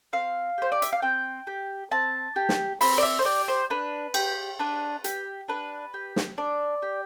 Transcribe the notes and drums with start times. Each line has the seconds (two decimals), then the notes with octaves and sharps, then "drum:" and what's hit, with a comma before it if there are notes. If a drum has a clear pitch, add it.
0.13 C4 F5
0.58 G4 C5
0.72 D5
0.82 E5, drum: hi-hat
0.92 F5
1.02 C4 G5
1.47 G4
1.91 C4 A5
2.36 G4
2.49 drum: snare
2.81 C4 B5, drum: open hi-hat
2.98 D5
3.03 E5
3.19 C5
3.25 G4 D5
3.48 C5
3.70 D4 B4
4.14 G4, drum: cymbal
4.59 D4 B4
5.04 G4, drum: hi-hat
5.48 D4 B4
5.94 G4
6.16 drum: snare
6.38 D4 D5
6.82 G4